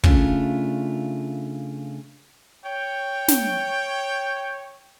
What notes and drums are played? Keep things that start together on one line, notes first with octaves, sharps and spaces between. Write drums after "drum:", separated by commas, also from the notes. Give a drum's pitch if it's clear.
C#3 A3 D4 F4, drum: kick
C#5 G5
drum: snare